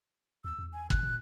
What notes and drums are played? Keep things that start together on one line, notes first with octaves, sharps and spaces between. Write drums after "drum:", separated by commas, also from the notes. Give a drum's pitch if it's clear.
D#2 E6
E2
G#5
A2 F#6, drum: kick
A#2